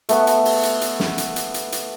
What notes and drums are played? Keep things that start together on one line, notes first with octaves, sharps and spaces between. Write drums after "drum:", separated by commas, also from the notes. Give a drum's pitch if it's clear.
A3 B3, drum: hi-hat
drum: hi-hat
drum: open hi-hat
drum: hi-hat
drum: hi-hat
drum: snare
drum: hi-hat
drum: hi-hat
drum: hi-hat
drum: hi-hat